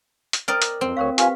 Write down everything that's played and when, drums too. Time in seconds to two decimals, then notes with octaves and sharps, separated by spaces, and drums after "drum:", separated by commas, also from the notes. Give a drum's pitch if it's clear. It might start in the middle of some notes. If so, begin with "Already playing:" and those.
0.33 drum: hi-hat
0.48 A#4 C5 D5 D#5 G5
0.62 drum: hi-hat
0.81 F2 C4
0.97 D2 A#4 C5 C#5 F5
1.18 F4 G4 B4 F5 G#5, drum: hi-hat